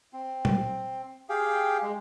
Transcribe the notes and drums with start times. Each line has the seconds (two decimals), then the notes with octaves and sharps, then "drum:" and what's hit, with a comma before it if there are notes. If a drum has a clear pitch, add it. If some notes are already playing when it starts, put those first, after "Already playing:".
0.13 C4
0.45 drum: tom A#2
1.29 G4 G#4 F5 G5
1.83 G#3